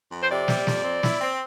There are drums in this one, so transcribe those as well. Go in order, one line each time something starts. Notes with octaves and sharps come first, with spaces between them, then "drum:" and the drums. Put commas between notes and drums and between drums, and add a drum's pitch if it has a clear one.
F2
C5
C3 D5
G3, drum: snare
F2, drum: snare
C4
E4, drum: snare
C4